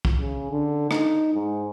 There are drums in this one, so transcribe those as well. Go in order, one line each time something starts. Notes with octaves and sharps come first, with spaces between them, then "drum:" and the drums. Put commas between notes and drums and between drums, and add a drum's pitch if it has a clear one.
drum: kick
C#3
D3
D#4, drum: rim click
G#2